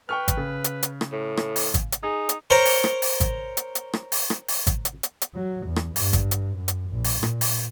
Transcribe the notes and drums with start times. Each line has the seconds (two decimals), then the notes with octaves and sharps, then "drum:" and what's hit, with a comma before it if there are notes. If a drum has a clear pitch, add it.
0.09 B4 G5 C#6 F6
0.28 drum: kick G#1, hi-hat
0.37 C#3
0.64 drum: hi-hat
0.83 drum: hi-hat
1.01 drum: rim click
1.12 A2
1.37 drum: rim click
1.56 drum: open hi-hat
1.74 drum: kick G#1, hi-hat
1.92 drum: hi-hat
2.03 D#4 G#4
2.29 drum: hi-hat
2.50 A#4 C5 C#5 A#5 C#6
2.65 drum: open hi-hat
2.84 drum: rim click
3.02 drum: open hi-hat
3.20 drum: kick G#1, hi-hat
3.57 drum: hi-hat
3.75 drum: hi-hat
3.93 drum: rim click
4.12 drum: open hi-hat
4.30 drum: rim click
4.48 drum: open hi-hat
4.67 drum: kick G#1, hi-hat
4.85 drum: hi-hat
5.03 drum: hi-hat
5.21 drum: hi-hat
5.35 F#3
5.66 E2
5.76 drum: rim click
5.96 G2, drum: open hi-hat
6.13 drum: kick G#1, hi-hat
6.31 drum: hi-hat
6.57 F#2
6.68 drum: hi-hat
6.90 A#1
7.04 drum: open hi-hat
7.23 A#2, drum: rim click
7.41 drum: open hi-hat